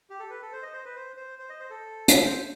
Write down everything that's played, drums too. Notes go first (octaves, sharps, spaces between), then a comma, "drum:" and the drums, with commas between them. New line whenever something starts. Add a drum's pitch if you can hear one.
G4
A4
B4
A4
C5
D#5
C5
B4
C5
C5
C5
D#5
C5
A4
drum: hi-hat
C5